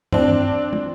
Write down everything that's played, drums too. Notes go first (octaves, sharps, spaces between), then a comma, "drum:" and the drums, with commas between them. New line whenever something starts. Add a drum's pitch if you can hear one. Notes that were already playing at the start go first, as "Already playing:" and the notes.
C4 D4, drum: tom
drum: tom